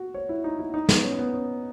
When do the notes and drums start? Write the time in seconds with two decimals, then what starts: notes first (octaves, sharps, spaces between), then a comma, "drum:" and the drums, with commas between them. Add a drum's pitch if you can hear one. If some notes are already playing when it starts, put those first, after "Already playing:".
Already playing: F#4
0.14 C#5
0.29 E4
0.44 D#4
0.59 E4
0.74 D#4
0.89 B3, drum: snare
1.04 C#4
1.19 B3
1.33 C#4